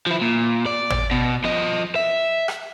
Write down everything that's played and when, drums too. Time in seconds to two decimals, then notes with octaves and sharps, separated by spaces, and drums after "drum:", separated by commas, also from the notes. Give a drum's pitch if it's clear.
0.07 F3 E4
0.21 A#2
0.66 D5
0.90 drum: tom
1.11 B2
1.44 F3 D#5
1.96 E5
2.48 drum: rim click